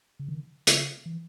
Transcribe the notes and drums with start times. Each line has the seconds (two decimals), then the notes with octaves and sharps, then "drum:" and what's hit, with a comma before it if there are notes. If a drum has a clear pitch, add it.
0.19 C#3
0.29 D#3
0.67 C#3, drum: hi-hat
1.06 E3